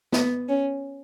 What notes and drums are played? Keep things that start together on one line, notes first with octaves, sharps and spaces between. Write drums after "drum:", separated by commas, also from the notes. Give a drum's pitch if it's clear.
B3, drum: snare
C#4